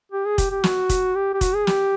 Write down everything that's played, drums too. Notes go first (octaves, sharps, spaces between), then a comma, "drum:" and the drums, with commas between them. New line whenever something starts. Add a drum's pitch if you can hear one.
G4
G#4
G4, drum: kick, hi-hat
G4
F#4, drum: snare
drum: kick, hi-hat
G4
G4
F#4, drum: kick, hi-hat
G#4
G4, drum: snare